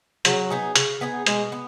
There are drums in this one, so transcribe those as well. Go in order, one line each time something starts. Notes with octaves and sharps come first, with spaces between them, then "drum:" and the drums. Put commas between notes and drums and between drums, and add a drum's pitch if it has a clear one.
C#3 F#3, drum: hi-hat
B3 D#4 G#4
C#3, drum: hi-hat
B3 D#4 G#4
B2 G#3, drum: hi-hat
B3